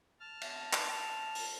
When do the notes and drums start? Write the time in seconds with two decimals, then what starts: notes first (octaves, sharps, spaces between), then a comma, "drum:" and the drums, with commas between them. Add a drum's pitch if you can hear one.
0.20 A5 F6
0.41 drum: cymbal
0.73 drum: clap
1.35 drum: open hi-hat